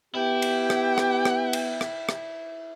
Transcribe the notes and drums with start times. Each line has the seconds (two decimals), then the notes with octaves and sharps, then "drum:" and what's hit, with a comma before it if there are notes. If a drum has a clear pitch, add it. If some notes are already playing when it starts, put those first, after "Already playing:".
0.15 B3 E4 G4 G5
0.42 drum: cymbal
0.70 drum: rim click
0.98 drum: rim click
1.25 drum: rim click
1.53 drum: cymbal
1.81 drum: rim click
2.09 drum: rim click